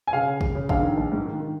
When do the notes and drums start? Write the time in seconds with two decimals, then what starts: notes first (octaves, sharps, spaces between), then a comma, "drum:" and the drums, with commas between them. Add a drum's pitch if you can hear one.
0.07 G#5
0.13 C#3 F5
0.27 C#3
0.41 C#3, drum: kick A1
0.55 C#3
0.69 A#1 F5, drum: kick A1
0.83 D#3
0.97 A#1
1.12 G#2
1.25 D#3
1.40 D#3